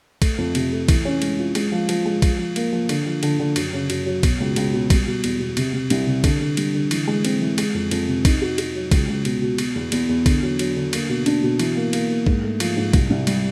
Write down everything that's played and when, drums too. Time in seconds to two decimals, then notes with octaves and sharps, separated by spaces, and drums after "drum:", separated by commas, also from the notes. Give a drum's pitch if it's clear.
0.22 A3, drum: kick, cymbal
0.38 F2
0.55 C3, drum: cymbal
0.72 A3
0.88 E3, drum: kick, cymbal
1.05 C#4
1.22 G#3, drum: cymbal
1.39 F4
1.55 G#3, drum: cymbal
1.72 F3
1.89 F3, drum: cymbal
2.05 G#3
2.22 F3, drum: kick, cymbal
2.39 F3
2.56 A#3, drum: cymbal
2.73 F3
2.89 D3, drum: cymbal
3.06 F3
3.23 D3, drum: cymbal
3.40 D3
3.56 F#2, drum: cymbal
3.73 C#3
3.90 F#2, drum: cymbal
4.06 F#3
4.23 B2, drum: kick, cymbal
4.40 C#2
4.56 C#2, drum: cymbal
4.73 B2
4.90 G3, drum: kick, cymbal
5.07 B2
5.24 E2, drum: cymbal
5.40 B2
5.57 C3, drum: cymbal
5.74 C3
5.90 C2, drum: cymbal
6.07 C3
6.24 D3, drum: kick, cymbal
6.41 D3
6.57 G3, drum: cymbal
6.74 D3
6.91 E3, drum: cymbal
7.07 G#3
7.25 C4, drum: cymbal
7.41 E3
7.58 G#3, drum: cymbal
7.74 F2
7.91 F2, drum: cymbal
8.08 C3
8.25 D#4, drum: kick, cymbal
8.42 F#4
8.58 F#4, drum: cymbal
8.75 F#3
8.91 C#2, drum: kick, cymbal
9.08 C#2
9.25 B2, drum: cymbal
9.42 B2
9.58 B2, drum: cymbal
9.75 E2
9.92 E2, drum: cymbal
10.09 E2
10.26 D3, drum: kick, cymbal
10.42 F#3
10.59 F#3, drum: cymbal
10.76 D3
10.93 A#3, drum: cymbal
11.09 B2
11.26 D4, drum: cymbal
11.43 B2
11.59 E3, drum: cymbal
11.76 A#3
11.93 A#3, drum: cymbal
12.10 A#3
12.27 G#2, drum: kick
12.43 A3
12.60 F3, drum: cymbal
12.77 G#2
12.93 C2, drum: kick, cymbal
13.10 C2
13.27 G3, drum: cymbal